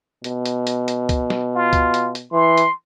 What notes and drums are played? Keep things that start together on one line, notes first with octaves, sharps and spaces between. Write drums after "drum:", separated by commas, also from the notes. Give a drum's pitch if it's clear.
B2, drum: hi-hat
drum: hi-hat
drum: hi-hat
drum: hi-hat
drum: kick C#2, hi-hat
drum: snare
F4
drum: kick C#2, hi-hat
drum: hi-hat
drum: hi-hat
E3 C6
drum: hi-hat